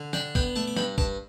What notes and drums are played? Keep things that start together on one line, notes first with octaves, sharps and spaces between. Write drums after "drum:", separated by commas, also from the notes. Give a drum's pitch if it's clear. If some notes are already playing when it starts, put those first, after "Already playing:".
Already playing: D3
D4 D5 G5, drum: snare
B3 G5 B5, drum: kick A#1
A3 A5 D6
D6
G2 G5 B5, drum: snare
G2 A5 D6, drum: kick A#1